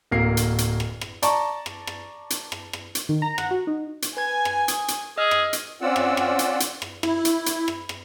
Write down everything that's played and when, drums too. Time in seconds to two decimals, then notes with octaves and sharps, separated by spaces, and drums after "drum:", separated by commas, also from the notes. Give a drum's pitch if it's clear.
0.11 D1 A#3 A#4 C7
0.37 drum: hi-hat
0.58 drum: hi-hat
0.80 drum: rim click
1.01 drum: rim click
1.22 D5 A5 A#5 C#6, drum: hi-hat
1.66 drum: rim click
1.87 drum: rim click
2.30 drum: hi-hat
2.52 drum: rim click
2.73 drum: rim click
2.95 drum: hi-hat
3.09 D#3
3.22 A#5
3.38 F#5, drum: rim click
3.51 F#4
3.67 D#4
4.02 drum: hi-hat
4.17 B4 G#5 G#6
4.45 drum: rim click
4.68 D#6, drum: hi-hat
4.88 drum: hi-hat
5.18 G#4 D#5 E6 F6
5.31 drum: rim click
5.53 drum: hi-hat
5.82 C4 C#4 F4 D5 F#5 E6
5.96 drum: rim click
6.17 drum: rim click
6.39 drum: hi-hat
6.60 drum: hi-hat
6.82 drum: rim click
7.03 E4, drum: rim click
7.25 drum: hi-hat
7.46 drum: hi-hat
7.68 drum: rim click
7.89 drum: rim click